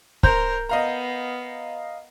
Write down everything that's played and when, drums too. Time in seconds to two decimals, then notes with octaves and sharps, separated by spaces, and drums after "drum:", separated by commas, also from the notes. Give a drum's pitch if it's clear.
0.23 A#4 C5 A#5 G6, drum: kick
0.69 B3 D#5 F5 A#5